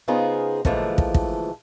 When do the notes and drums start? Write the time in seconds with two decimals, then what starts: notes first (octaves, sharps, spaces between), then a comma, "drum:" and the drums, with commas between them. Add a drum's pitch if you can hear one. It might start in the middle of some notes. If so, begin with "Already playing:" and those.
0.08 C#3 B3 D#4 F4 G#4 C5
0.65 A#2 D3 E3 F3 G#3 A3, drum: kick
0.98 drum: kick
1.14 drum: kick